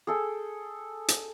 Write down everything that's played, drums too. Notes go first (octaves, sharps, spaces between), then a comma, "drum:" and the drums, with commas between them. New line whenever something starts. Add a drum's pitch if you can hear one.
G#4 A4 G5
drum: hi-hat